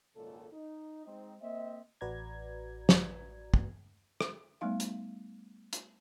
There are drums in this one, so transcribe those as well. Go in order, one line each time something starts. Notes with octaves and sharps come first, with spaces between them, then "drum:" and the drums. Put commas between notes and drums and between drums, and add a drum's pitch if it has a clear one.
G#1 C#2 A#2 A4
D#4
G#3 C4 D#4
A#3 C4 D#5 E5
A1 F#4 B4 D5 A#5 G#6
drum: snare
drum: kick
drum: rim click
G3 A3 B3 D#4 F5
drum: hi-hat
drum: hi-hat